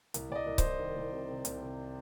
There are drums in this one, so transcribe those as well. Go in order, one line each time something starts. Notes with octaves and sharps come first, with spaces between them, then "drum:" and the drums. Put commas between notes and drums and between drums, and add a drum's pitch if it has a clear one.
C2, drum: hi-hat
C2 D5
D#5
C2
C5, drum: kick C#1, hi-hat
C2
D#3
C2
C3
C3
C2, drum: hi-hat
C3